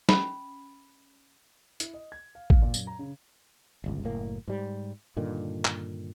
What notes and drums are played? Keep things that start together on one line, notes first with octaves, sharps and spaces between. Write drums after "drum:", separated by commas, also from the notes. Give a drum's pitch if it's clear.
C#4 B5, drum: snare
E4, drum: hi-hat
D#5
G#6
F5
F5, drum: kick
A#2
F#2, drum: tambourine
A#5
C#3
D1 G1 C#2
F#1 A2 A#3
G#2 G3
G2 A#2 D3 D#3
drum: clap